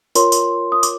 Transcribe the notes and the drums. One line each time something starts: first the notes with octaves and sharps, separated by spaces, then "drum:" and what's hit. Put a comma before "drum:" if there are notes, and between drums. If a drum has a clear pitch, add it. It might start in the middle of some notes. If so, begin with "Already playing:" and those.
F4 A#4 C#5 C6, drum: tambourine
drum: tambourine
D#6
D6, drum: tambourine